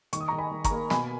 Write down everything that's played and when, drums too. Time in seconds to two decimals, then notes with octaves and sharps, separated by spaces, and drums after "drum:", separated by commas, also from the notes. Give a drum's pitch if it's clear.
0.13 D#3 C#6, drum: hi-hat
0.21 D#6
0.28 A#5 C#6
0.32 D#3
0.38 G#5 B5
0.51 D#3
0.64 A#5 C#6, drum: kick G#1, hi-hat
0.71 A#3
0.90 B2 G#5 B5, drum: snare